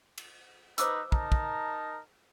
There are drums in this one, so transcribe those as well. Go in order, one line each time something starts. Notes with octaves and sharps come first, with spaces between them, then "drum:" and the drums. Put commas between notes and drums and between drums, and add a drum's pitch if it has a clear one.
drum: cymbal
D#4 B4 C5 D6 E6, drum: hi-hat
D#4 A#4 A5, drum: kick
drum: kick